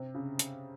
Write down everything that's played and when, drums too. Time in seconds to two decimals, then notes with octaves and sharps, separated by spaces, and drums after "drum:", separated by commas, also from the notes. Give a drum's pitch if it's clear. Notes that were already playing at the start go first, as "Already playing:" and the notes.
Already playing: C3
0.15 C#3
0.39 drum: hi-hat